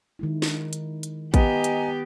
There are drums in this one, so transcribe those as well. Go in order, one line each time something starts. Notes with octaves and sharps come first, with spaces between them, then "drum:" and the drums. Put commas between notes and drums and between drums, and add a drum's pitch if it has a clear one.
D#3 G#3 E4
drum: snare
drum: hi-hat
drum: hi-hat
B3 G4 D#5 G#5 A#5, drum: kick A1, hi-hat
drum: hi-hat